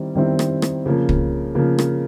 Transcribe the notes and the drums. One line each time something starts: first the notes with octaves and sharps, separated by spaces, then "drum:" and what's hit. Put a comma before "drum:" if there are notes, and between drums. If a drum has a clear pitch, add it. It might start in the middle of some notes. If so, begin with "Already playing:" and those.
Already playing: D#3 G3 C4 E4
D#3 G3 C4 E4
drum: rim click
drum: rim click
C#3 F3 A#3
drum: kick
C#3 F3 A#3
drum: rim click